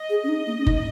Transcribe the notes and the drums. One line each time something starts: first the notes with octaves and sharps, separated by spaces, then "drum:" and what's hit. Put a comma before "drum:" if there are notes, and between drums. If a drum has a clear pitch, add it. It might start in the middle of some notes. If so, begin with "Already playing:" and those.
Already playing: D#5
G#4
C#4
D#4
A#3
C#4
D#4, drum: kick F#1